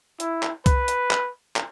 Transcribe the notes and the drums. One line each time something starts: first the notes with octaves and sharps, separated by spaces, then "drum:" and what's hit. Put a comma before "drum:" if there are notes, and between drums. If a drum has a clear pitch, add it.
E4, drum: hi-hat
drum: clap
B4, drum: kick C2, hi-hat
drum: hi-hat
drum: clap
drum: clap